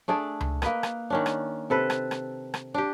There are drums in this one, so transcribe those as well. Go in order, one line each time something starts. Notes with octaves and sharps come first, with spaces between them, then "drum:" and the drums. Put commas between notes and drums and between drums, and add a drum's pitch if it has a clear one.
A3 D4 G#4 D5
drum: tom C#2
A#3 B4 D#5, drum: rim click
drum: rim click
D#3 C#4 D4
drum: rim click
C3 A4 B4
drum: rim click
drum: rim click
drum: rim click
D4 G4